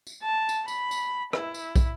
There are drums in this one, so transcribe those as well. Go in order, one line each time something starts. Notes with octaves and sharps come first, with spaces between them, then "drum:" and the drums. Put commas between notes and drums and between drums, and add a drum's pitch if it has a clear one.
drum: tambourine
A5
drum: tambourine
B5, drum: tambourine
drum: tambourine
E4, drum: rim click
drum: tambourine
drum: kick, tambourine